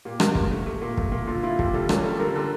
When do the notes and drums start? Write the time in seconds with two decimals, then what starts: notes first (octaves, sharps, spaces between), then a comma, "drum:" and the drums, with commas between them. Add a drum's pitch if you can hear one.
0.05 A#2 G4
0.20 A#4, drum: rim click
0.35 A#4, drum: kick
0.51 A3
0.66 A3
0.82 A#2
0.97 A3, drum: kick
1.12 A#2
1.27 D3 F4
1.43 E4 F4
1.59 D3 G4, drum: kick
1.74 G3 A4
1.89 C#4 A#4, drum: rim click
2.04 G3 A4
2.19 D3 A#4
2.35 D3 A4